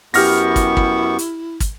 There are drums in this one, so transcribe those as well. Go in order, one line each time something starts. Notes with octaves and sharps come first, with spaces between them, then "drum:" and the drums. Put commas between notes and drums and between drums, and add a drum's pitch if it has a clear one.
F#2 B3 E4 G4 C#6 F6 A#6, drum: open hi-hat
drum: kick, hi-hat
drum: kick
drum: hi-hat
drum: kick, hi-hat